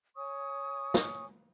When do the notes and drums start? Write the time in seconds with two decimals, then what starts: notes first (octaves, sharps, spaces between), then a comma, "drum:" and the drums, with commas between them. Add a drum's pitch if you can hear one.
0.16 C#5 G#5 C#6 D#6
0.94 drum: snare